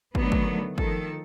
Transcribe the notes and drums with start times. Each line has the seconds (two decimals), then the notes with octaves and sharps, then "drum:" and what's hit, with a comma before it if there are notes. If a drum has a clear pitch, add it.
0.15 D3 D#3 F#3 A3 B3, drum: kick
0.32 drum: kick
0.78 D#3 F3 A4, drum: kick